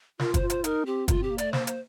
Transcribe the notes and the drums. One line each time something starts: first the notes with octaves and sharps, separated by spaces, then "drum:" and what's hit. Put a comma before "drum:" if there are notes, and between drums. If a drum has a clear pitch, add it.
F4 A#4, drum: snare
C5, drum: kick, hi-hat
F4
C5, drum: hi-hat
D#4 A#4, drum: hi-hat
C4 G4
A3 F4, drum: kick, hi-hat
C4 G4
A#3
A3 D5, drum: hi-hat
A#3 C5, drum: snare
C5, drum: hi-hat